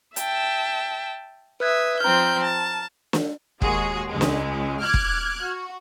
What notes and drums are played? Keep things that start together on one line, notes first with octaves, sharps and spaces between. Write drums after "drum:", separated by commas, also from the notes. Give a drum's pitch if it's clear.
E5 G5 A5, drum: hi-hat
B4 E5 D#6 F#6 G#6
F3 C4 A#5 F6 G6
A5
drum: snare
D#2 G#3 F#4 G#4, drum: kick
C#2 G#3
drum: snare
D6 F6 F#6 G#6
drum: kick
F#4